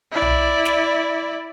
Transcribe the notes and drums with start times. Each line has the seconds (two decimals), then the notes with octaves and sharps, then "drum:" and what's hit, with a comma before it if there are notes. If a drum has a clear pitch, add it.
0.12 E4 D5
0.22 drum: tom B1
0.65 drum: snare